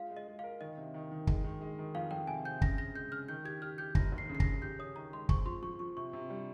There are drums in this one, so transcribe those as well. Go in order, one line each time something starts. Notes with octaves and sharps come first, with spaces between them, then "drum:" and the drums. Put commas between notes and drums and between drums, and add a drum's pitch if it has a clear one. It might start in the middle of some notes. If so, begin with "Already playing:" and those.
Already playing: G#3 F4 F5
G#3
D#5
G#3
A#4 F5
D#3 D#5
C3
D#3
D#3
G#3, drum: kick
D#3
G#3
D#3
F2 F5
F2 G5
C3 G#5
C3 G6
C#3 A#6, drum: kick
C#3 A#6
G#3 G6
C#3 F6
D#3 G6
G4 G#6
G4 F6
G4 G6
F1 A#6, drum: kick
D#2
C7
C#3
C7
A#6, drum: kick
C#3
G4 G6
C#4 D#6
D#3 A#5
G#3 C6
C4 C#6, drum: kick
F3 C6
F3 C#6
F3 C#6
C3 C#6
C3
G3